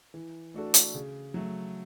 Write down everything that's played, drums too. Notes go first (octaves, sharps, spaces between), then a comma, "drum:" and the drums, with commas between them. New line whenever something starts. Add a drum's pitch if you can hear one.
E3
A3 D4 F#4 A4
drum: hi-hat
C#3
F#3 A3